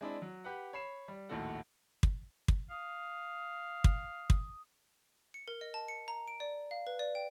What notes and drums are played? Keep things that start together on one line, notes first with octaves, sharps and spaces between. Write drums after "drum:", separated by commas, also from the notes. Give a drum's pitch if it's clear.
G#3 C4 D4 E4
F#3
G4 B4 F#5
C#5 B5 C7 E7
G3
A#1 D#2 A2 F#4 A4 F#5
drum: kick
drum: kick
F5 D#6
drum: kick
drum: kick
C#7
A#4
D#5
A5
C#7
A#5
D7
D5
F5
B4
D5
G5